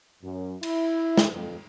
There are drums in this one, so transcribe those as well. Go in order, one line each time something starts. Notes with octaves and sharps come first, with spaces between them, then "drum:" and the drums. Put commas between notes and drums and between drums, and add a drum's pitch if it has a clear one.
F#2
E4, drum: cymbal
drum: snare
F2